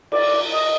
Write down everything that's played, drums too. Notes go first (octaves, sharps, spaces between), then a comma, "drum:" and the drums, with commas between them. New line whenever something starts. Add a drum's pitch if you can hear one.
D5, drum: cymbal
D#5